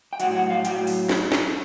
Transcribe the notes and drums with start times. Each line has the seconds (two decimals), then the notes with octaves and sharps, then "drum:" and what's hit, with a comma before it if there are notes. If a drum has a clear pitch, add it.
0.13 G5
0.20 A2 F#3 F#5, drum: hi-hat
0.36 F#5
0.50 F5
0.65 A2 F#3 G5, drum: hi-hat
0.87 drum: open hi-hat
1.09 drum: snare
1.32 drum: snare